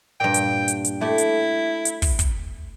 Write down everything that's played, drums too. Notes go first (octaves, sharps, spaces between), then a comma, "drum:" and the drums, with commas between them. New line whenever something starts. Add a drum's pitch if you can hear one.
G2 A#2 G5
drum: hi-hat
drum: hi-hat
drum: hi-hat
A3 E4 G4
drum: hi-hat
drum: hi-hat
drum: kick, open hi-hat
drum: kick, hi-hat